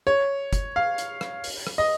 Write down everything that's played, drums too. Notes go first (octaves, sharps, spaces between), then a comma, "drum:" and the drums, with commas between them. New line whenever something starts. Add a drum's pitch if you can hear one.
C#5
drum: kick, hi-hat
F5
drum: hi-hat
drum: rim click
drum: open hi-hat
drum: rim click
D#5